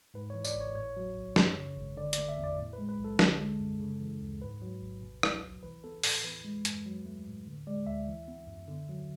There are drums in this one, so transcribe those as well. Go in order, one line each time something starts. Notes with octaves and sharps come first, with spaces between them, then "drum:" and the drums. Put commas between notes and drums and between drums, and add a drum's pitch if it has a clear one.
G#2 B4
E3 C#5
D5, drum: tambourine
G#1
C#5
A2 C#5
F#3
B1
F#2, drum: snare
C#3
G#1
D3 D5
D5, drum: hi-hat
A3
E5
E2
D5
A2
B4
G#3
B4
B1
A4
D3, drum: snare
G#3
F#2
C#3
E3
D2
G#2 B4
F#3
A1
B2
F#3, drum: rim click
B1
E3 B4
B3 A4
A2 A4, drum: open hi-hat
E3 B4
G#3
F#2, drum: hi-hat
F#3
A3
A2
D3
G#3 D5
D2 E5
E3
B3
F#2
D3
F#3